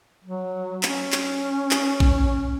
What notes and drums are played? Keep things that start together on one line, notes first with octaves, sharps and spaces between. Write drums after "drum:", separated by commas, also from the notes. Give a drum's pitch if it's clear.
F#3
C#4, drum: clap
drum: clap
drum: clap
drum: kick